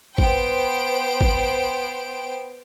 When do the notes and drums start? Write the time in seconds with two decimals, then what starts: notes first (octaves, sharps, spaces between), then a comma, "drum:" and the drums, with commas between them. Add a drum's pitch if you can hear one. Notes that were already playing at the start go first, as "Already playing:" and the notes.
0.18 B3 C5 G5 D7, drum: kick G#1
1.21 drum: kick G#1